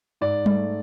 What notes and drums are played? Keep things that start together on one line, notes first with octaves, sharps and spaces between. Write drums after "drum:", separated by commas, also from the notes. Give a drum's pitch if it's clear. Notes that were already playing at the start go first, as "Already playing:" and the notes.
G#2 D5
A3, drum: tom G3